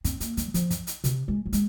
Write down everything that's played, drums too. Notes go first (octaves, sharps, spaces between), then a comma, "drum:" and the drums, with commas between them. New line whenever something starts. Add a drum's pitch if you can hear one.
C4, drum: kick, hi-hat
A#3, drum: hi-hat
F#3, drum: hi-hat
F3, drum: hi-hat
drum: kick, hi-hat
drum: hi-hat
C3, drum: hi-hat
G#3
F#3
G#3, drum: hi-hat